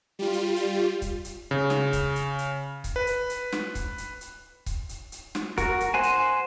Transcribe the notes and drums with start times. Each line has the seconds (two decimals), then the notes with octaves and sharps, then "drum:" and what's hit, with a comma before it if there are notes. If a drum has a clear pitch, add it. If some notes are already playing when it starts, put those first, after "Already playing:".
0.19 G3 F4
0.33 drum: hi-hat
0.56 drum: hi-hat
1.02 drum: kick C#1, hi-hat
1.24 drum: hi-hat
1.51 C#3
1.70 drum: snare
1.93 drum: kick C#1, hi-hat
2.16 drum: hi-hat
2.38 drum: hi-hat
2.84 drum: kick C#1, hi-hat
2.96 B4
3.07 drum: hi-hat
3.30 drum: hi-hat
3.52 drum: snare
3.75 drum: kick C#1, hi-hat
3.98 drum: hi-hat
4.21 drum: hi-hat
4.66 drum: kick C#1, hi-hat
4.89 drum: hi-hat
5.12 drum: hi-hat
5.35 drum: snare
5.58 F#4 A#4, drum: kick C#1, hi-hat
5.80 drum: hi-hat
5.94 C5 F#5 G#5
6.03 drum: hi-hat